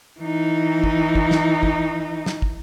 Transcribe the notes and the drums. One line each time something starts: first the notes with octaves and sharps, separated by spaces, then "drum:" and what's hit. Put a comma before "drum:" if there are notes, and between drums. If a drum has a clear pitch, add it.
E3 D#4
drum: kick
drum: kick
drum: snare
drum: kick
drum: snare
drum: kick